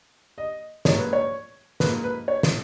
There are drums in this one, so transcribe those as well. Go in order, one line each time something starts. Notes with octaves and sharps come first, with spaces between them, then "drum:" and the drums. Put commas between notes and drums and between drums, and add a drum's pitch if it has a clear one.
D#5
G#2 F3 A#3 C#5, drum: snare
B4
C#5
G#2 F3 A#3 B4, drum: snare
B4
C#5
drum: snare